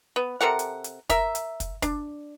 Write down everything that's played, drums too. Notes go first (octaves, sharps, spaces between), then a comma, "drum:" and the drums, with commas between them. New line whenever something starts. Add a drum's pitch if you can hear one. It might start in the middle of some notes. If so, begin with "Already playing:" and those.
B3
C3 A4 A#4 F#5
drum: hi-hat
drum: hi-hat
A#4 E5, drum: kick, hi-hat
drum: hi-hat
drum: kick, hi-hat
D4, drum: kick, hi-hat